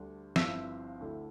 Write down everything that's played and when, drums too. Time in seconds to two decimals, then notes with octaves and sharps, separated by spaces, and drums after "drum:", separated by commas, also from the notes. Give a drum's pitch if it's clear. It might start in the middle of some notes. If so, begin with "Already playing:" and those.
Already playing: D2 D3 G3 D4
0.36 G1 G2 F3 C4 E4 E5, drum: snare
1.00 D2 D3 A3 E4